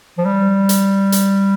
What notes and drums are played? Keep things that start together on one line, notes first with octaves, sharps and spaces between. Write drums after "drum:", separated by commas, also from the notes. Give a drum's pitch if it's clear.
F3
G3
drum: hi-hat
drum: hi-hat